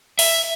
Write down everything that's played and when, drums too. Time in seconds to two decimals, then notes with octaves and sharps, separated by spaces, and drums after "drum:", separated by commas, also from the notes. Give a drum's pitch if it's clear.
0.19 E5, drum: open hi-hat